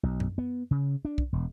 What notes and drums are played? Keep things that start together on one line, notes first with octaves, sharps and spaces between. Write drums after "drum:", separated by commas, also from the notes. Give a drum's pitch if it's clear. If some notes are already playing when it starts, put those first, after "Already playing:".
B1
drum: tom F#2
B3
C#3
D4
drum: kick
E1